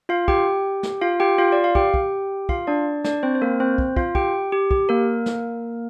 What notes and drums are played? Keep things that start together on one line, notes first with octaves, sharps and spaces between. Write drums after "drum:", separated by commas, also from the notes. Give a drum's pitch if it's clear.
F4 F5
G4 G5, drum: kick
drum: snare
F4 F5
G4 G5
F4 F5
D5
F5
G4 G5, drum: kick
drum: kick
F4 F5, drum: kick
D4 D5
D4 D5, drum: snare
C4 C5
C5
A#3 A#4
C4 C5
drum: kick
F4 F5, drum: kick
G4 G5, drum: kick
G4
G4, drum: kick
A#3 A#4
drum: snare